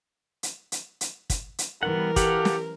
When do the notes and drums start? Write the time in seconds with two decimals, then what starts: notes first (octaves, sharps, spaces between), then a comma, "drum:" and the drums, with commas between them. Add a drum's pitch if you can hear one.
0.43 drum: hi-hat
0.72 drum: hi-hat
1.01 drum: hi-hat
1.30 drum: kick, hi-hat
1.59 drum: hi-hat
1.83 E3 G3 B3 A#4 F#5
2.16 G4 A4 F5 F#5, drum: kick, hi-hat
2.45 drum: snare